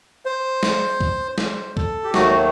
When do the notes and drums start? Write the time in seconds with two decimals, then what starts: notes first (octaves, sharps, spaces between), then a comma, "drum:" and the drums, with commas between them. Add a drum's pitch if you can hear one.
0.25 C5
0.63 drum: snare
1.00 drum: kick
1.38 C5, drum: snare
1.77 A4, drum: kick
2.04 G4
2.14 D#2 D#3 F#3 A3 F#4, drum: snare